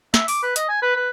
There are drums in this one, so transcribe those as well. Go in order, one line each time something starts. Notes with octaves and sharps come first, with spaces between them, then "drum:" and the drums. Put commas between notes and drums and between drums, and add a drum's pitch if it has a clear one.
E5, drum: snare
D6, drum: open hi-hat
B4
D#5, drum: hi-hat
G#5
B4
B4